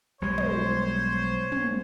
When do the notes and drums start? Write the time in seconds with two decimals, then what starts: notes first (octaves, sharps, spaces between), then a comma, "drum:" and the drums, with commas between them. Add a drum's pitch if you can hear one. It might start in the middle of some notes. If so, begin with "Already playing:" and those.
0.21 B1 G3 G#3 C5 C#5
0.38 drum: tom
1.52 drum: tom